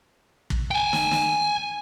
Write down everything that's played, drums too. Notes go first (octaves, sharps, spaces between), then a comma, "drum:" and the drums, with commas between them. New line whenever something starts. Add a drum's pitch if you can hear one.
drum: kick
G5 G#5
drum: snare
drum: snare